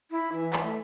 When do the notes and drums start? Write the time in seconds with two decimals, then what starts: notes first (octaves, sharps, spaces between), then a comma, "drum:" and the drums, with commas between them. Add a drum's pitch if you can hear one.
0.11 E4
0.32 E3 E5
0.53 drum: clap
0.63 A3